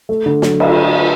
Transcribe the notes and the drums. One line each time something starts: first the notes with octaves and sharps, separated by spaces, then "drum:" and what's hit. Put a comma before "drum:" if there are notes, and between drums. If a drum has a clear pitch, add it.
A3
D3
F#3, drum: snare
drum: cymbal